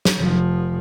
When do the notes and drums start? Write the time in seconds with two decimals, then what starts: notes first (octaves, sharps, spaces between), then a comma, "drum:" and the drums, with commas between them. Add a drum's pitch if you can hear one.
0.05 drum: snare
0.19 F1 F3